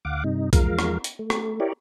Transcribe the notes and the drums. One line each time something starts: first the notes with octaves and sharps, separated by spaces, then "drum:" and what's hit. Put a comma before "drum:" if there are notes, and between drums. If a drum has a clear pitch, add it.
D2 F5 F#5 D6
G2 C3 D#4
E2 F3 G#3 A#4 F5, drum: kick B1, hi-hat
drum: rim click
drum: hi-hat
A3
drum: rim click
E4 G4 A#4 C#5 D5